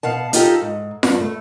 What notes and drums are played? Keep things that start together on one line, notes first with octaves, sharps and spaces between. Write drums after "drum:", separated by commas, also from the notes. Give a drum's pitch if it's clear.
B2 F5 F#5 A5
D#4 F4 G4 A4, drum: hi-hat
G#2
G2, drum: snare F4
A3